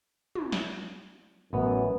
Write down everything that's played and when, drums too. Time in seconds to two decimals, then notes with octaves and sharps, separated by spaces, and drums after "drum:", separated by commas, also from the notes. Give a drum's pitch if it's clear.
0.35 drum: tom
0.52 drum: snare
1.53 A1 F#2 B3